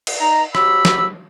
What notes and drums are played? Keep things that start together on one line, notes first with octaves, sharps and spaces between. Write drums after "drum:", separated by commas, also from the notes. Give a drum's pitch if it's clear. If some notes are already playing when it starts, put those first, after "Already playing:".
drum: cymbal
D#4 A#5
G#2 F#3 G4 B5 E6, drum: rim click
drum: snare